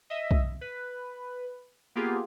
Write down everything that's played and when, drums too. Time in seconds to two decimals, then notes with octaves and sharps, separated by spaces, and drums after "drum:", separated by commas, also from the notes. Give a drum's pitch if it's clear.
0.10 D#5 E5
0.31 drum: kick
0.61 B4
1.96 A#3 B3 F4 G4 G#4